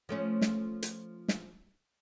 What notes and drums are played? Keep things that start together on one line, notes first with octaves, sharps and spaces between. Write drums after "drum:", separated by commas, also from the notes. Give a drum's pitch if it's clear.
F3 A3 C#4
drum: snare
drum: hi-hat
drum: snare